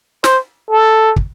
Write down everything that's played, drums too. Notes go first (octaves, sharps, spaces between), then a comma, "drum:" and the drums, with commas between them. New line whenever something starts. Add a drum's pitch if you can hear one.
C5, drum: snare
A4
drum: kick